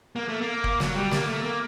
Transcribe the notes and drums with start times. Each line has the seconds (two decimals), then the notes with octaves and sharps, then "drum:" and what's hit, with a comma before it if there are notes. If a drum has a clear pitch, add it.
0.16 A#3
0.28 A3
0.41 A#3
0.64 drum: kick
0.80 F#3, drum: snare
0.95 G3
1.11 A#3, drum: snare
1.27 A3
1.43 A#3